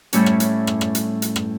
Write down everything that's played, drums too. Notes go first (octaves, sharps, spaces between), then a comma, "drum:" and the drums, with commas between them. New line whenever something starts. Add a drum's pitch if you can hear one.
A2 G3 A3 C#4, drum: hi-hat
drum: rim click
drum: hi-hat
drum: rim click
drum: rim click
drum: hi-hat
drum: hi-hat
drum: rim click